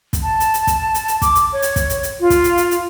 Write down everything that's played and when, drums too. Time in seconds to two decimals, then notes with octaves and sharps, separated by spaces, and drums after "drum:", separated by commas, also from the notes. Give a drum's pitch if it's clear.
0.13 drum: kick, hi-hat
0.23 A5
0.40 drum: hi-hat
0.54 drum: hi-hat
0.67 drum: kick, hi-hat
0.94 drum: hi-hat
1.08 drum: hi-hat
1.22 D6, drum: kick, hi-hat
1.35 drum: hi-hat
1.53 C#5
1.62 drum: hi-hat
1.76 drum: kick, hi-hat
1.89 drum: hi-hat
2.03 drum: hi-hat
2.20 F4
2.30 drum: kick, hi-hat
2.44 drum: hi-hat
2.57 drum: hi-hat
2.71 drum: hi-hat